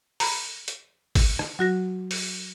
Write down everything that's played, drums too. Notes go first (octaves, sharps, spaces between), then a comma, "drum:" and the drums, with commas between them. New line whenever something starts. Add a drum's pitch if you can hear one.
A#5 B5, drum: open hi-hat
drum: hi-hat
drum: kick G#1, open hi-hat
drum: rim click
F#3 F#4 A#6
drum: open hi-hat